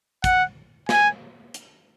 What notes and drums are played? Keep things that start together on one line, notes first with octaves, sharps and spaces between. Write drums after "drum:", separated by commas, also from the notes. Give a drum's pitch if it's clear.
F#5, drum: kick, hi-hat
G#5, drum: snare
drum: hi-hat